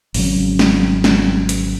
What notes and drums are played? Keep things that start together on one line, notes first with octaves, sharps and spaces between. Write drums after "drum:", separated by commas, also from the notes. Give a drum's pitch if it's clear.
G#1 C#3 F#3, drum: open hi-hat
drum: snare
drum: snare
drum: hi-hat